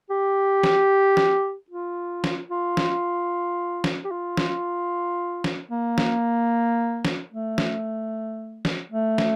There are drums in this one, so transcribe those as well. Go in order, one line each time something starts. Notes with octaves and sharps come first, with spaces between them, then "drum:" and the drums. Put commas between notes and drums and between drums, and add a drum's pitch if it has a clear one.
G4
drum: snare
drum: snare
F4
drum: snare
F4
drum: snare
drum: snare
G4
F4
drum: snare
drum: snare
A#3
drum: snare
drum: snare
A3
drum: snare
drum: snare
A3
drum: snare